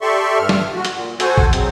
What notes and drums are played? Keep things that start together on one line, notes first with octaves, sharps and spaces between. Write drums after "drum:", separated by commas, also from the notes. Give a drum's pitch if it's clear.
G4 A4 D5 E5 C6 C#6
G2 F6
drum: snare
F#4
drum: hi-hat
A#2
F#4 A4 C5 G#5, drum: hi-hat
drum: kick A#1
F#3 G#3 C4, drum: hi-hat